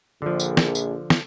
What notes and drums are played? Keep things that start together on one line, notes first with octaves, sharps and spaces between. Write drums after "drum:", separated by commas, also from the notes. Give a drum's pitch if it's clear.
A#1 D3 F3
drum: tambourine
drum: snare
drum: tambourine
drum: snare